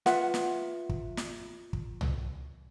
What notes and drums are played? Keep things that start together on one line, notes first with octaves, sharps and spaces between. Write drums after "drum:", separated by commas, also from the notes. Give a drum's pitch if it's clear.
F4 B4 E5 F#5, drum: snare
drum: snare
drum: kick
drum: snare
drum: kick
drum: tom C2